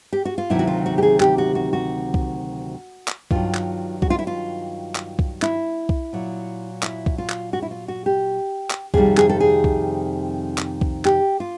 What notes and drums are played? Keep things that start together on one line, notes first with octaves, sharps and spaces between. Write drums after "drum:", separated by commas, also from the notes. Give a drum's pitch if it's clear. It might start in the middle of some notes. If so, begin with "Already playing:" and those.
G4
F#4
F4
D2 C3 D#3 F#3 E4
F#4
F4
F#4
G4
G#4
G4, drum: clap
F#4
F#4
F#4
drum: kick B1
drum: clap
G2 D#3 F#3 F4, drum: kick B1
drum: clap
F#4, drum: kick B1
F4
E4
F4
drum: clap
drum: kick B1
E4, drum: clap
drum: kick B1
A#2 F#3
E4, drum: clap
drum: kick B1
F4
drum: clap
F#4
E4
F4
F#4
G4
drum: clap
F2 C3 D#3 G3 G#4, drum: kick B1
G#4, drum: clap
A4
G#4
drum: kick B1
drum: clap
drum: kick B1
G4, drum: clap
F4